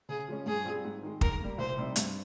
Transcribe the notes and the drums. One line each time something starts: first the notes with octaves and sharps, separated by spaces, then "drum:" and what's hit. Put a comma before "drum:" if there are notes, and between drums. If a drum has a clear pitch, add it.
C#3 G#4
F3 G#3 C#4
G2 G#4
G3 C4 F4
G#2
D#3 G#3
G#2 A#4, drum: kick
G3 A#3
C2 C5
C3 G3 C4 D#4
G2, drum: hi-hat